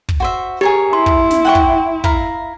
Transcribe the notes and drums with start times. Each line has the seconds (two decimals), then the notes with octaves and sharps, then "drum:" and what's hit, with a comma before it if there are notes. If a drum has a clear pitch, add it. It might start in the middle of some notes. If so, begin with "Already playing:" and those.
0.09 drum: kick
0.20 F#4 C5 E5
0.61 G4 G#4 A#4 C#5
0.93 E4 C6
1.06 drum: kick
1.31 drum: snare
1.45 F#5 G5 C#6
1.55 drum: kick
2.04 E4 F5 A#5, drum: kick